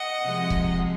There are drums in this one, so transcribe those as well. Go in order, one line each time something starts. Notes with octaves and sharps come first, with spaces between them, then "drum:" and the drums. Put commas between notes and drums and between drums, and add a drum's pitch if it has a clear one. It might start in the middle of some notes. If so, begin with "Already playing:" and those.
Already playing: D#5 F#5
C3 F3 G#3
drum: kick C#1